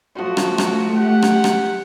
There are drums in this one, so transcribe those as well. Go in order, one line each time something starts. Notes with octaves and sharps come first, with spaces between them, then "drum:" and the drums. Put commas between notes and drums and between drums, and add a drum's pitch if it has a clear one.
F3 A3 F#4 C6
drum: rim click
drum: rim click
G4 F#5
drum: rim click
drum: rim click